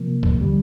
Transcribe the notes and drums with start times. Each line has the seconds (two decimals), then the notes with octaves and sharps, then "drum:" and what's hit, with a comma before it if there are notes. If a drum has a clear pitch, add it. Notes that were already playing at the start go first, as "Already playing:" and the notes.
Already playing: C3 F3 A#3
0.23 drum: kick
0.37 D#2 D3 G3